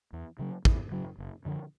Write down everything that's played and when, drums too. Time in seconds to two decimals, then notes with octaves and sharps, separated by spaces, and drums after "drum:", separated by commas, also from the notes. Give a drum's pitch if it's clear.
0.13 E2
0.39 C#3 F#3
0.65 E2, drum: kick
0.92 C#3 F#3
1.18 F#1
1.45 F#2 D3 F3